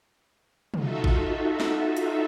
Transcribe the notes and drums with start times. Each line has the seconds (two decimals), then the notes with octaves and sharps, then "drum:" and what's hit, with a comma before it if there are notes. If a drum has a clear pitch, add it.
0.74 D#4 F4 F#4 A4 E5, drum: tom
1.04 drum: kick G#1
1.60 drum: snare
1.97 drum: hi-hat